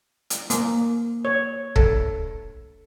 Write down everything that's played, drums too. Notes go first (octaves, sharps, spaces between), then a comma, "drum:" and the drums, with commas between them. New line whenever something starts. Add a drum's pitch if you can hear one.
drum: hi-hat
A#3, drum: hi-hat
C#5
A4, drum: kick